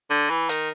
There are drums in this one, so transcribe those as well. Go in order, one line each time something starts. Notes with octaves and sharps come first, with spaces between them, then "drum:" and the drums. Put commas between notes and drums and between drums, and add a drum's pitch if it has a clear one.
D3
E3
D#3, drum: hi-hat